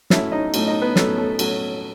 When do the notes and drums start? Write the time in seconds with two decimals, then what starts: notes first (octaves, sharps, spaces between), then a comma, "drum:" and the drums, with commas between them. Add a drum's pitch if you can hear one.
0.10 A2 F#3 A3 C#4 E4 E5, drum: snare
0.32 D#4 D#5
0.54 A2 F#3 A3 C#4, drum: cymbal
0.67 D#4 D#5
0.81 B3 B4
0.96 A2 F#3 A3 C#4 A4, drum: snare
1.18 A3 A4
1.39 A2 F#3 A3 C#4, drum: cymbal